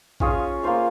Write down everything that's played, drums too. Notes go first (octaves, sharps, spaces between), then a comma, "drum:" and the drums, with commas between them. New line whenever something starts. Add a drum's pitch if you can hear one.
C#4 F4 G#4 C#5, drum: kick A#1
A#3 F4 C5 F5